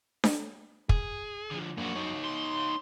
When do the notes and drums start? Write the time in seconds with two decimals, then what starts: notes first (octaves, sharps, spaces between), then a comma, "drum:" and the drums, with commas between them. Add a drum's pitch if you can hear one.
0.24 drum: snare D4
0.89 G#4, drum: kick
1.51 D3 F3
1.78 F#2 A#3 D4 F#4
1.96 D#4 C#5
2.25 C6